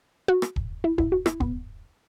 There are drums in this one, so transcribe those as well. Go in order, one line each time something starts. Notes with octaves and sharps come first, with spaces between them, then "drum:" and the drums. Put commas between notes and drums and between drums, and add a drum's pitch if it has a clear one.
F#4
drum: rim click
drum: kick
E4
E4, drum: kick
F#4
E4, drum: rim click
B3, drum: kick